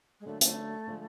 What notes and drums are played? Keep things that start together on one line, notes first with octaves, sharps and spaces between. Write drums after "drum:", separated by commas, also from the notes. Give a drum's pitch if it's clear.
G#3
D2 D3 F#3 A3 A#3 D4
A3, drum: hi-hat
D3 F3 G#3